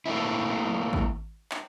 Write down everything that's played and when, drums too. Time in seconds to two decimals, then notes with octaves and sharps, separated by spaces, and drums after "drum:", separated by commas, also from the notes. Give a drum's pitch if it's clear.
0.06 A3 A#3 C4 E4
0.64 drum: tom
0.93 drum: kick
1.51 drum: clap